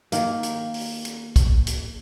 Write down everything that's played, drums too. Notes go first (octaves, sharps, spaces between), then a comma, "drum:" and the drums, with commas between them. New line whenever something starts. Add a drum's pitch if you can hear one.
D#3 A#3, drum: hi-hat
drum: hi-hat
drum: open hi-hat
drum: hi-hat
drum: kick, hi-hat
drum: hi-hat